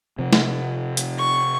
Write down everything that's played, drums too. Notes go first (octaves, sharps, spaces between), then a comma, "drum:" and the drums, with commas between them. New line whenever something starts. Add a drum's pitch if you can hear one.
C3 F3 C4
drum: snare
drum: hi-hat
C#6